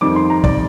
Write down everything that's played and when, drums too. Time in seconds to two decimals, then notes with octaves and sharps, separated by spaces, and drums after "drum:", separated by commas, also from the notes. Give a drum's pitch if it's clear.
0.01 F2 D#3 G3 C4 D#4 D6
0.16 C6
0.30 A#5
0.44 D5, drum: kick